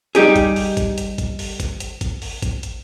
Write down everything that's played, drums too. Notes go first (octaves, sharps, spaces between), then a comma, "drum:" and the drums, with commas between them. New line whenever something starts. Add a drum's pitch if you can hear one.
G3 D#4 G4 G#4, drum: hi-hat
drum: kick G#1, hi-hat
drum: open hi-hat
drum: kick G#1, hi-hat
drum: hi-hat
drum: kick G#1, hi-hat
drum: open hi-hat
drum: kick G#1, hi-hat
drum: hi-hat
drum: kick G#1, hi-hat
drum: open hi-hat
drum: kick G#1, hi-hat
drum: hi-hat